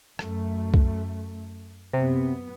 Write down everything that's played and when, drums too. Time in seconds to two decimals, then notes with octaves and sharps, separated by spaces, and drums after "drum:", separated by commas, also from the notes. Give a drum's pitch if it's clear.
0.19 F#2 A3, drum: rim click
0.74 drum: kick C2
1.93 F#2 C3 B3